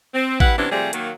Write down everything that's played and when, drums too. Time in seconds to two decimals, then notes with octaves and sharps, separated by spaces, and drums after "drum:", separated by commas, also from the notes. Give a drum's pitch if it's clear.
0.14 C4
0.40 G3 E4 B4 F#5, drum: kick
0.58 C3 E3 B3 C#4 D4
0.72 C3 F3 G3 A3 G#4
0.93 D#3 F#3 A#3, drum: hi-hat